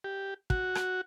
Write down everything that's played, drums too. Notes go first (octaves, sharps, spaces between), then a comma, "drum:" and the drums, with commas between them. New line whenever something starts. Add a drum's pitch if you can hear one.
G4
F#4, drum: kick
drum: rim click